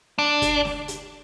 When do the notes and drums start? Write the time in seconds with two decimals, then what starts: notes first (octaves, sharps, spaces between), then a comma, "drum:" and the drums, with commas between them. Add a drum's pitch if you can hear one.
0.18 D4
0.42 drum: kick, hi-hat
0.65 drum: snare
0.88 drum: hi-hat